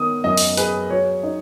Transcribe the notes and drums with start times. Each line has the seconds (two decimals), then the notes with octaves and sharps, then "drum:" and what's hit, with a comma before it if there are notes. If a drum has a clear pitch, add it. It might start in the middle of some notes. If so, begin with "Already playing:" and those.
Already playing: D#3 B3 D#6
0.24 F#2 D#5
0.37 drum: open hi-hat
0.57 G#4 B4, drum: hi-hat
0.90 F#3 C#5
1.23 D#4